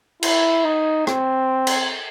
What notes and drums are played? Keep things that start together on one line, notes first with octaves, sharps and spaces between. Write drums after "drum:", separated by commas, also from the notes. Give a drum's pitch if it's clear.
E4, drum: cymbal
D#4
C4, drum: rim click
drum: cymbal